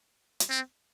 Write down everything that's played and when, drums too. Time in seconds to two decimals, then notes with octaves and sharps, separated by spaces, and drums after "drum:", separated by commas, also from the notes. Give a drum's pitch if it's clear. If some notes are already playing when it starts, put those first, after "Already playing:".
0.40 drum: hi-hat
0.50 C4